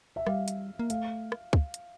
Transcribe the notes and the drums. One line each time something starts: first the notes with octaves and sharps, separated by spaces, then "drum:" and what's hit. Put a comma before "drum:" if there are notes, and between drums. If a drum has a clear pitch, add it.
E5
G3 F5, drum: rim click
drum: hi-hat
A#3
A3 F5, drum: hi-hat
drum: rim click
drum: kick
drum: hi-hat